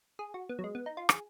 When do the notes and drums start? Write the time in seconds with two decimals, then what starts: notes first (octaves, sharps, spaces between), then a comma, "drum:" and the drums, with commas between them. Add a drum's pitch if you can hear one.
0.19 G#4
0.34 F#4
0.49 B3
0.59 F#3
0.64 G#3
0.75 B3
0.86 D#4
0.97 F4
1.09 G#4, drum: rim click